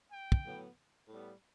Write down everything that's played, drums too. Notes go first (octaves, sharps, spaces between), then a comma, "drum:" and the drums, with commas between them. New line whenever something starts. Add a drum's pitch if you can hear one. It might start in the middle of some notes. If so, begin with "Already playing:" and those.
G5
drum: kick
A2 F#3 B3
A2 G3 B3